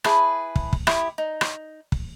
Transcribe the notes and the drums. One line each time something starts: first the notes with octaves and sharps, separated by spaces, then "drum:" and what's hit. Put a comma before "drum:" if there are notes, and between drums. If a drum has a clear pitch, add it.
E4 G#4 B4 A5, drum: rim click
drum: kick
drum: kick
E4 G4 D#6, drum: rim click
D#4
drum: rim click
drum: kick